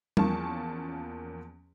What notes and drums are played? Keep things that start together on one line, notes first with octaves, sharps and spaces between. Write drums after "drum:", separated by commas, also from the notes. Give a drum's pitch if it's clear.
E2 F3 A#3 C#4 A5 C#6, drum: tom G3